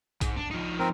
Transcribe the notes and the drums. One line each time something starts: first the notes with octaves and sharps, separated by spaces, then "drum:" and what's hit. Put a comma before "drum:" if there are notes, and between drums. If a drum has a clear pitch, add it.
G#2, drum: kick, hi-hat
D4
F3 D#4
C4 A#4